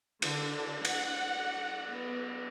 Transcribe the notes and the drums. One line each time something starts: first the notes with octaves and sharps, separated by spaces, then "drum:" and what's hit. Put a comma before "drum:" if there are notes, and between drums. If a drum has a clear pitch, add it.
D3, drum: cymbal
F#5, drum: cymbal
B3